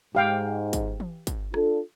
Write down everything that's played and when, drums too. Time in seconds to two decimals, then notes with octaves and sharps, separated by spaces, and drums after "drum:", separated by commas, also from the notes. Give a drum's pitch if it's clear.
0.15 G#2 G4 F5 G5
0.73 drum: kick, hi-hat
1.00 drum: tom E3
1.27 drum: kick, hi-hat
1.54 D4 F4 A4, drum: rim click